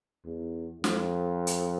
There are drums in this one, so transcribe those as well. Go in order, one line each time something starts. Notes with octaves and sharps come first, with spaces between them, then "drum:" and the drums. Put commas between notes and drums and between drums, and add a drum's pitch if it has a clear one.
E2
F2, drum: snare
drum: hi-hat